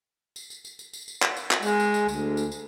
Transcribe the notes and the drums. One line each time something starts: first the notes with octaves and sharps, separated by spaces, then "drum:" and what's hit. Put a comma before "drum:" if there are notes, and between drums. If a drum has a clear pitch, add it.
drum: tambourine
drum: tambourine
drum: tambourine
drum: tambourine
drum: tambourine
drum: tambourine
drum: clap
drum: tambourine
drum: clap
G#3, drum: tambourine
drum: tambourine
drum: tambourine
D2, drum: tambourine
drum: tambourine
drum: tambourine